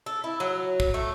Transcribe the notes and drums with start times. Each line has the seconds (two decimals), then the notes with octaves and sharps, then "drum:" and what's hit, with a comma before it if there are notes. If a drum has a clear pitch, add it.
0.06 A4
0.24 E4
0.40 F#3
0.80 drum: kick
0.94 A3